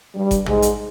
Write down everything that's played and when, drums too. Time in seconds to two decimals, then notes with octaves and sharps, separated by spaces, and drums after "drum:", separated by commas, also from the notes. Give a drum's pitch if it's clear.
0.15 G2 G3
0.31 drum: kick G1, hi-hat
0.46 G#2 G#3, drum: tom A#1
0.62 drum: hi-hat